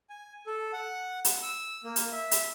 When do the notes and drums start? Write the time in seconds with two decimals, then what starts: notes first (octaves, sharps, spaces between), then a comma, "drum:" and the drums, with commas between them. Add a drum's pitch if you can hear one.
0.10 G#5
0.46 A4
0.73 F#5
1.25 drum: hi-hat
1.42 E6
1.84 A#3
1.96 drum: hi-hat
2.12 E5
2.31 drum: hi-hat